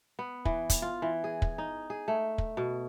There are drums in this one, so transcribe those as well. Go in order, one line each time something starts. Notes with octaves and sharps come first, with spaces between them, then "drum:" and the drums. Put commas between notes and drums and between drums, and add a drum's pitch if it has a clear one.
B3
E3, drum: kick
drum: kick, hi-hat
F4
E3
G#4
drum: kick
D#4
G#4
A3
drum: kick
B2